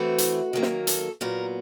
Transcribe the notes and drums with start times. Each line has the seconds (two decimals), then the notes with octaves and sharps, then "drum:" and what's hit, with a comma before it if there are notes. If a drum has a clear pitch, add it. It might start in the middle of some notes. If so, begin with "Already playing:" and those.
Already playing: E3 A3 C4 F#4
0.18 drum: hi-hat
0.53 D#3 F#3 A#3
0.62 drum: snare
0.87 A4, drum: hi-hat
1.21 A#2 F#3 B3 A#4